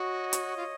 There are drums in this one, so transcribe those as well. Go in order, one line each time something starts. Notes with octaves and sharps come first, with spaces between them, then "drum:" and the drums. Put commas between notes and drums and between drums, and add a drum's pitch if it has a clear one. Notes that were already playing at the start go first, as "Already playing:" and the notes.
Already playing: F#4 C#5 D#5
drum: hi-hat
F4